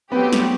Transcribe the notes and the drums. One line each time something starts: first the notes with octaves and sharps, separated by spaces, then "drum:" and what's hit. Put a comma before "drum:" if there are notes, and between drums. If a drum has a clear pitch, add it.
F#3 A3 B3 C4 G4
drum: snare